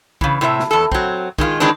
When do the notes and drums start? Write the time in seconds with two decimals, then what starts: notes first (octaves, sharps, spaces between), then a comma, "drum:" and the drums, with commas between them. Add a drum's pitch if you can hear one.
0.21 C#3 E3, drum: kick
0.41 A2 C3 D5 E5
0.60 drum: snare
0.71 E2 A4
0.92 F#3 C4, drum: kick
1.38 D#3 G#3 E4 F4, drum: kick
1.60 D#3 E3 G#3 C4 D4